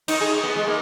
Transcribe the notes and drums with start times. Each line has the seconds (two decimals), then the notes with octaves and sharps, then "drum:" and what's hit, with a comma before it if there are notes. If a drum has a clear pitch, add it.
0.08 D#4, drum: cymbal
0.21 G#4
0.44 B3
0.56 G#3
0.67 A#3